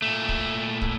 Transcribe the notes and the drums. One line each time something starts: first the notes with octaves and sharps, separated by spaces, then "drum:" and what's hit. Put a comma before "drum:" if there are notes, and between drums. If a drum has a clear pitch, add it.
A#2 A3
drum: kick
drum: kick